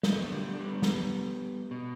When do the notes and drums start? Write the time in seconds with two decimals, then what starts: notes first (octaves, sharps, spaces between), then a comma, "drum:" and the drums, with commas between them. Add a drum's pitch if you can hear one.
0.03 B3, drum: snare
0.12 A3
0.20 G3 B3
0.32 D3 G3
0.53 D4
0.60 G3 B3
0.82 drum: snare
1.71 B2